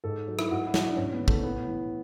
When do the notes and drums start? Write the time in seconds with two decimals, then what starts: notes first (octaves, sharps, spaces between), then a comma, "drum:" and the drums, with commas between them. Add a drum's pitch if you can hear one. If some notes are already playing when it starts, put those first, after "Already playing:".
0.04 G#2 A4
0.28 F#3
0.39 E4, drum: rim click
0.51 G#2 F#4
0.67 E4
0.74 F#3, drum: snare
0.89 D4
0.97 G#2 C#4
1.13 B3
1.20 E3
1.28 A3, drum: kick
1.43 A2 B3
1.67 E3